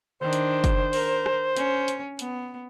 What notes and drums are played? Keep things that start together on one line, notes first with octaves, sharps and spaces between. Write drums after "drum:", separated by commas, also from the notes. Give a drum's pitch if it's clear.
D#3 D4 C5
drum: hi-hat
drum: kick, hi-hat
A#4, drum: open hi-hat
drum: rim click
C#4, drum: hi-hat
drum: hi-hat
B3, drum: hi-hat